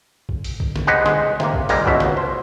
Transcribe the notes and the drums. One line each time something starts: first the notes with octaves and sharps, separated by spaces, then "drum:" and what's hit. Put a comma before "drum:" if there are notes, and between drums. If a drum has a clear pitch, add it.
drum: kick
drum: open hi-hat
drum: kick
drum: snare
G4 G#4 B4 C5 D#5 F#5
G#3, drum: snare
C3 A#3, drum: snare
drum: kick
A#2 G3 G#3 A#3, drum: open hi-hat
C#2 B2 E5, drum: kick
drum: snare
C5